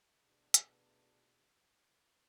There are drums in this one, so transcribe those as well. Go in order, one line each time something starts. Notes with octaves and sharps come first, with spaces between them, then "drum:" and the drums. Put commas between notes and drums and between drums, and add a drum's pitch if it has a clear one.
B2 A3 B3 D4 F#4 G#4
drum: hi-hat